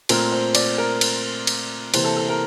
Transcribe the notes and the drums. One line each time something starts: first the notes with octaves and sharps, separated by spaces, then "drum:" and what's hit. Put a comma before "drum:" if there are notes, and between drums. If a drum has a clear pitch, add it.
A#2 A3 C4 A#4, drum: cymbal
C5
D5, drum: cymbal
A#4
drum: cymbal
drum: cymbal
C3 E3 A#3 C5, drum: cymbal
A4
A4
A#4